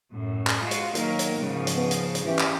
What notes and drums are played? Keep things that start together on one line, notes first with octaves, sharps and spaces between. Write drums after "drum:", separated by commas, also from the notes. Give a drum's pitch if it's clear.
F#2 A2
drum: clap
G#3 F4 F#4
drum: hi-hat
D#3 F#3 A#3 A#4, drum: hi-hat
drum: hi-hat
G#2 C#3 F3
drum: hi-hat
B3
drum: hi-hat
drum: hi-hat
E3 C#4 G4
drum: clap